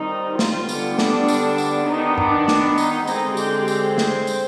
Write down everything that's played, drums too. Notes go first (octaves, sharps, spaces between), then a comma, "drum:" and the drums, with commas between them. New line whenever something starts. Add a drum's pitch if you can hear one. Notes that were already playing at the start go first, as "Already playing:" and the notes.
Already playing: D#3 G3 C4 D#4
F4, drum: snare
D3 G3 B3 D4, drum: tambourine
D4, drum: snare
drum: tambourine
drum: tambourine
D#3 B3 D4 D#4
D4, drum: tom F#2
drum: snare
D#4, drum: tambourine
D3 G#3 C4 D#4, drum: tambourine
G4, drum: tambourine
G4, drum: tambourine
C5, drum: snare
drum: tambourine